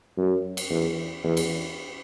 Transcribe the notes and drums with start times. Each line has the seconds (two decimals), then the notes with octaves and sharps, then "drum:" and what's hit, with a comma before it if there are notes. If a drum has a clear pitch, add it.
0.17 F#2
0.57 drum: cymbal
0.70 E2
1.24 E2
1.37 drum: cymbal